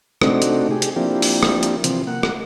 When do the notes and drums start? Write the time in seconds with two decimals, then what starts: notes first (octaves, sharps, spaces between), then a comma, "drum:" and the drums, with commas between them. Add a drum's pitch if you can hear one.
0.22 C3 A3 C4 D4 D#4 F#4, drum: rim click
0.42 drum: hi-hat
0.71 G4 G#4
0.82 drum: hi-hat
0.96 F3 A#3 C4 D4 E4 G4
1.22 drum: open hi-hat
1.43 drum: rim click
1.63 drum: hi-hat
1.84 C3 E3 F3 C4, drum: hi-hat
2.07 A#3 F#5
2.23 drum: rim click